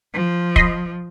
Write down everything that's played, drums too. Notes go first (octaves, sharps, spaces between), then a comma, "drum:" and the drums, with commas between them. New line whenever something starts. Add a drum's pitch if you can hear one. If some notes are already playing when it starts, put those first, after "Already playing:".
F3
D#5 B5 C6, drum: kick